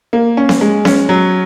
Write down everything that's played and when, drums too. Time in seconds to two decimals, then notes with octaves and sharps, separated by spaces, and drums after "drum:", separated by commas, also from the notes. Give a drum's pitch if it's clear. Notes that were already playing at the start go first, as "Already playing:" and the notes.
0.13 A#3
0.37 C#4
0.49 drum: snare B3
0.61 G#3
0.85 C#4, drum: snare B3
1.09 F#3